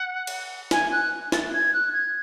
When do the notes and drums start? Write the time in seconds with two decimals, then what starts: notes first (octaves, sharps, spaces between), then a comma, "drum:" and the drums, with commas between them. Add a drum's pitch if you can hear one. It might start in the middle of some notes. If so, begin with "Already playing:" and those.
Already playing: F#5
0.27 drum: cymbal
0.71 G#5, drum: snare
0.91 F#6
1.32 A6, drum: snare
1.53 G#6
1.73 F#6
1.93 G#6